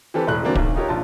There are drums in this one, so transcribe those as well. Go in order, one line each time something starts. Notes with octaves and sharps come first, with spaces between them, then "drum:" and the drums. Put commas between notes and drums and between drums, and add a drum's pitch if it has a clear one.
E3 C4 G4 A4 B4
E1 A2 F#6
D3 E3 F#3 A#3 C4 D4
B1, drum: kick
D#4 F4 G4 A#4 C#5
A#1 F4 A5